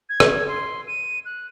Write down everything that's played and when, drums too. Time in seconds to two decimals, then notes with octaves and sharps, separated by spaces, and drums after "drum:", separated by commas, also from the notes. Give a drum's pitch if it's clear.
0.09 G#6
0.20 drum: rim click
0.48 C6
0.87 D#7
1.25 F#6